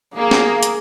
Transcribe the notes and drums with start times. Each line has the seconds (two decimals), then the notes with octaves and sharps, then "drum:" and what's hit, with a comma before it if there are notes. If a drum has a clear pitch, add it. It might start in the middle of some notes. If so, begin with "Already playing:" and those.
0.16 A#3 G#4
0.31 drum: snare
0.63 drum: hi-hat